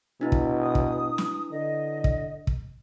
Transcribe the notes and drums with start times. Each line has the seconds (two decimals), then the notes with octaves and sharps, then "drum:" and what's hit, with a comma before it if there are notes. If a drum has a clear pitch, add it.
0.21 B2 D4 E4 B4
0.32 drum: kick
0.61 D#6
0.75 drum: kick
1.18 drum: snare
1.51 D3 D#5
2.04 drum: kick
2.47 drum: kick